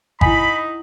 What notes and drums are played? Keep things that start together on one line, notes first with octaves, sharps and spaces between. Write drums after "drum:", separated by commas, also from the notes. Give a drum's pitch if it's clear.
D#4 E4 F#5 G#5 B5, drum: kick G#1